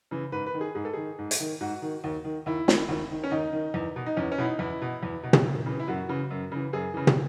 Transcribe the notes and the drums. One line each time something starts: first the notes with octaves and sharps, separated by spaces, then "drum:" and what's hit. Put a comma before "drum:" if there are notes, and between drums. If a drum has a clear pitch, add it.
C#3 E3
G#2 B4
B4
D#3
G#4
G#2 G#4
A4
D#3 G#4
G#2
drum: hi-hat
D#3
G#2 F#4
D#3
D#2
D#3
D#2 E4
D#3, drum: snare
D#2
D#3
C#4
D#2 D#4
D#3
E2
B2
D#4
E2 C#4
C#4
B2 E4
D#4
E2 E4
B2
E2
B2
drum: tom
F#2
C#3 E3
E4
F#2 F#4
C#3 E3
F#2
C#3 E3
F#2 G#4
C#3 E3
drum: tom